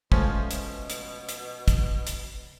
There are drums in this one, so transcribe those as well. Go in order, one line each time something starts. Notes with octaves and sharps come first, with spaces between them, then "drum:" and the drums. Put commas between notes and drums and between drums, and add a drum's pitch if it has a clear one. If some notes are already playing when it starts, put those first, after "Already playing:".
B2 F3 G#3 A3 C#4 C5, drum: kick
drum: hi-hat
drum: hi-hat
drum: hi-hat
drum: kick, hi-hat
drum: hi-hat